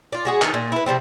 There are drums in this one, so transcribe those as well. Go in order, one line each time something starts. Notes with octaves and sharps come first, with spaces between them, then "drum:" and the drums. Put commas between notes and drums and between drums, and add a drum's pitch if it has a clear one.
F4 D5
G#3 F#4 G#4
D#3 F3 D#4, drum: clap
A#2
E4 B4
C3 F3 G3 C4